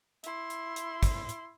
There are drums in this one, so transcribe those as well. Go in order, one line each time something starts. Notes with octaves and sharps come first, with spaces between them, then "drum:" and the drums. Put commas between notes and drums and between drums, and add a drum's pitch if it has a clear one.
E4 C6, drum: hi-hat
drum: hi-hat
drum: hi-hat
drum: kick, hi-hat
drum: hi-hat